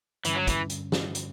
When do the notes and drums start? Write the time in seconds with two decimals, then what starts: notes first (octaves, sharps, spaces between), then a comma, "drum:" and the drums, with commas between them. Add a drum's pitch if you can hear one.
0.25 G2 D3 E3 G3 C#4, drum: hi-hat
0.35 F#3
0.47 E3, drum: kick, hi-hat
0.70 drum: hi-hat
0.92 drum: snare
1.15 drum: hi-hat